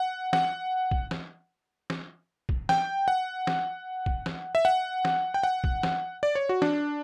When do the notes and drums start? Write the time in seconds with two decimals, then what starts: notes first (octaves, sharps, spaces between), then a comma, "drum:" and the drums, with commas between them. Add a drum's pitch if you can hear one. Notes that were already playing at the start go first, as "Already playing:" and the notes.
Already playing: F#5
0.33 F#5, drum: snare
0.91 drum: kick
1.11 drum: snare
1.90 drum: snare
2.49 drum: kick
2.69 G5, drum: snare
3.08 F#5
3.47 drum: snare
4.06 drum: kick
4.26 drum: snare
4.55 E5
4.65 F#5
5.05 drum: snare
5.34 G5
5.43 F#5
5.64 drum: kick
5.83 drum: snare
6.23 D5
6.35 C#5
6.49 F#4
6.62 D4, drum: snare